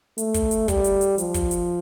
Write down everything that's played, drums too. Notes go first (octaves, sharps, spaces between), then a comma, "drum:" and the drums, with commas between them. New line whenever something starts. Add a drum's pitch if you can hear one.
A3, drum: hi-hat
drum: kick, hi-hat
drum: hi-hat
G3, drum: kick, hi-hat
drum: hi-hat
drum: hi-hat
F3, drum: hi-hat
drum: kick, hi-hat
drum: hi-hat